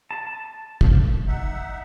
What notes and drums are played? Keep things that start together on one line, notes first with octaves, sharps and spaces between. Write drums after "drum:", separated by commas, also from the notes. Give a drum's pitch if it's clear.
A5
drum: kick
D#4 E5 F#5